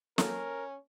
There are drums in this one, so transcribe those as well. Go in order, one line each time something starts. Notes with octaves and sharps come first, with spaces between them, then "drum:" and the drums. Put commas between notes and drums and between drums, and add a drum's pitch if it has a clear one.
F#3 A#3 C#4 A4 A#4, drum: snare